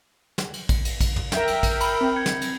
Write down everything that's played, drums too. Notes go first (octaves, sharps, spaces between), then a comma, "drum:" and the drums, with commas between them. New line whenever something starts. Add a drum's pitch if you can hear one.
drum: snare
drum: cymbal
drum: kick, cymbal
drum: cymbal
drum: kick, cymbal
drum: tom
A#4 E5 G5, drum: snare
drum: cymbal
drum: kick, cymbal
B5 F6, drum: cymbal
C4
G6 G#6 C#7
drum: snare
drum: cymbal